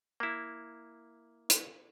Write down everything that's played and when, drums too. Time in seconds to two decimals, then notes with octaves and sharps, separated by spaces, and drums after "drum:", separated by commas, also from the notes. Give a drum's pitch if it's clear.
0.20 A#3 E4
1.50 drum: hi-hat